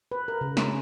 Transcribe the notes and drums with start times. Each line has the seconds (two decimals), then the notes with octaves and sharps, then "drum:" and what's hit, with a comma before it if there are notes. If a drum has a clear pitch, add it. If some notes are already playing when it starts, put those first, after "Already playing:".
0.12 B4
0.28 A#4
0.41 C#3
0.57 C#4, drum: snare